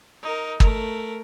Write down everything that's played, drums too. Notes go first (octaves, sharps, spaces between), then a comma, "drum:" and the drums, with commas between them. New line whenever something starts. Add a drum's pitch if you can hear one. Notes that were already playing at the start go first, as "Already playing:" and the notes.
D#4 A#4
A3 A#4, drum: kick